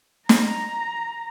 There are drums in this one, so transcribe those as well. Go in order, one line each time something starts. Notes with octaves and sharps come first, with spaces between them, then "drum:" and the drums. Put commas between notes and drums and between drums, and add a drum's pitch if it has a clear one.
A#5, drum: snare